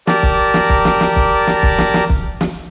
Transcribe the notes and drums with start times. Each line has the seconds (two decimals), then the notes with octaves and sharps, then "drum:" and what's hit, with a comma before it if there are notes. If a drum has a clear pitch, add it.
0.07 G4 A#4 D5 A5 A#5, drum: snare
0.23 drum: kick
0.54 drum: snare
0.69 drum: kick
0.85 drum: snare
1.01 drum: snare
1.16 drum: kick
1.47 drum: snare
1.63 drum: kick
1.78 drum: snare
1.94 drum: snare
2.09 drum: kick
2.41 drum: snare